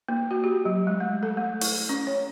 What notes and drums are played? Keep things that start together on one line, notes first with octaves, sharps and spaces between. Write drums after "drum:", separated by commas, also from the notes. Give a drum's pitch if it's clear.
A#3
F#4
G4
F#3
G#3
A3
A4
A3
E4, drum: open hi-hat
C#4
C#5